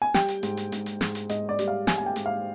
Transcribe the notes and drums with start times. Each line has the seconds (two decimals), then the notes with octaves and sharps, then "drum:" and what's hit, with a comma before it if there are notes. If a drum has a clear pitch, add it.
0.02 G#5
0.14 G3 G5, drum: snare
0.28 drum: hi-hat
0.43 G#2, drum: hi-hat
0.57 drum: hi-hat
0.72 G#2, drum: hi-hat
0.86 drum: hi-hat
1.01 G#2, drum: snare
1.15 drum: hi-hat
1.29 G#2 D#5, drum: hi-hat
1.49 D5
1.59 G3, drum: hi-hat
1.68 F5
1.87 G3 G#5, drum: snare
1.98 G#5
2.06 G5
2.16 G#2, drum: hi-hat
2.26 F5